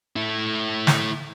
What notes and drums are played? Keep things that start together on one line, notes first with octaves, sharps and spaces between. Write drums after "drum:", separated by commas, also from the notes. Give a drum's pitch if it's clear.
A3 E4
drum: snare